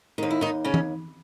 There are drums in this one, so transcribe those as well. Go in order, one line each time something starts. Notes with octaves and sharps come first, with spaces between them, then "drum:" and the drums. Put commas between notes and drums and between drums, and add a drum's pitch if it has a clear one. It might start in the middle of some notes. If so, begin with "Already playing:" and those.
D#2 D#3 D#4
E4
D#3 D#4
C#3 C#4
drum: tom E3